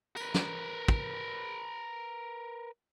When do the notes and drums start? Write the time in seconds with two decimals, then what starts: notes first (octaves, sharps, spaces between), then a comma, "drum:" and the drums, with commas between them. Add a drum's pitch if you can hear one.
0.16 A#4 B4, drum: tambourine
0.34 drum: snare
0.88 drum: kick